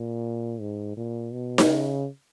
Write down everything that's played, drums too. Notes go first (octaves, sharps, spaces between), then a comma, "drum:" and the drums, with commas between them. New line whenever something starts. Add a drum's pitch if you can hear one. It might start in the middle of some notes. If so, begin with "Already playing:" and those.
Already playing: A#2
G#2
A#2
B2
drum: snare D#4
C#3